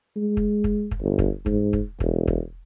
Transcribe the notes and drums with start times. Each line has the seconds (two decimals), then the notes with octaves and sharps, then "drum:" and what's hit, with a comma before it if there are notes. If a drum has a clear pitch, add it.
0.16 G#3
0.37 drum: kick
0.64 drum: kick
0.91 drum: kick
1.01 G1
1.19 drum: kick
1.46 G#2, drum: kick
1.73 drum: kick
2.00 E1, drum: kick
2.28 drum: kick